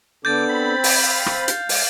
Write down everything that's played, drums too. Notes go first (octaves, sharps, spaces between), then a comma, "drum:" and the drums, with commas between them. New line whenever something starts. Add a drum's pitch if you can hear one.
D3 B3 D4 A4 D6 G6 A6
C4 B5
drum: open hi-hat
F5
drum: rim click
drum: hi-hat
G#3, drum: open hi-hat